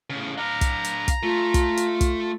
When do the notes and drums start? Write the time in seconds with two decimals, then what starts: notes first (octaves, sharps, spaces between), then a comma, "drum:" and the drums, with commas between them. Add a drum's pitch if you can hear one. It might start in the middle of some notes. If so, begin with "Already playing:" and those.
0.10 A2 C#3
0.38 D4 F5 A#5
0.61 drum: kick, hi-hat
0.84 drum: hi-hat
1.08 drum: kick, hi-hat
1.23 A3 F4
1.54 drum: kick, hi-hat
1.77 drum: hi-hat
2.01 drum: kick, hi-hat